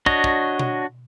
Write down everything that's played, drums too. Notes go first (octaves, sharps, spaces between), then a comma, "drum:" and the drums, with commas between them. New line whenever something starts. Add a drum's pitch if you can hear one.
D4 F#4 C#5 D#5, drum: kick
drum: kick
drum: tom B2